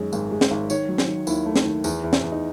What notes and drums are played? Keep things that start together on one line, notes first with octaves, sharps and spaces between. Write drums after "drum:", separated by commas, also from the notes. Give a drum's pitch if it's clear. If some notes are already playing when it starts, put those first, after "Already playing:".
Already playing: F#2 D#3 G#3
G#1, drum: tambourine
G#3
drum: snare
G#1
D#3 C#5, drum: tambourine
F#3
drum: snare
D#3
D#2 E4, drum: tambourine
A3
drum: snare
D#3
E2, drum: tambourine
E2
drum: snare
E2
D#4